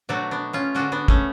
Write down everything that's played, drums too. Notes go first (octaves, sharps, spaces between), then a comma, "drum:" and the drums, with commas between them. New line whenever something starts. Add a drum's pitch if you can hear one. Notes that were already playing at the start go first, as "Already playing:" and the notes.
B2 F#3 A3 D4 F#4
B3 D4
C#4 F4
D3 G#3 D4 F#4
B3 D4
A3 C#4, drum: kick